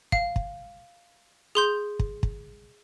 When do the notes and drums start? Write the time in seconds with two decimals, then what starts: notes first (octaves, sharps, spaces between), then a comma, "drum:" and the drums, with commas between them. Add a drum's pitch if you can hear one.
0.12 F5, drum: kick
0.36 drum: kick
1.55 G#4 C6 G6
1.99 drum: kick
2.23 drum: kick